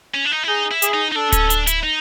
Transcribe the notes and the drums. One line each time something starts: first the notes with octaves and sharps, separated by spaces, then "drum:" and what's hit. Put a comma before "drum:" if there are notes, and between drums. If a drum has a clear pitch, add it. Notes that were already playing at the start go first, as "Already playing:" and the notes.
C#4
D4
D#4
E4
D#4 G#4
E4
G#4, drum: hi-hat
D#4
D#4
D4 A4
C#4, drum: kick D1, hi-hat
D4, drum: hi-hat
E4, drum: hi-hat
D#4